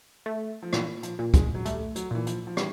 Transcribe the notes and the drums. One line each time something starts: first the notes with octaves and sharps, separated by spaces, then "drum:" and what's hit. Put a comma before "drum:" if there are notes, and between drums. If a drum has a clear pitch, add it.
A3
F3
A#2 E3, drum: rim click
F3, drum: hi-hat
A#2
G#3, drum: kick, hi-hat
F#3
G3 A3, drum: hi-hat
F#3, drum: hi-hat
A#2 E3
F3, drum: hi-hat
F3
E3 G3, drum: rim click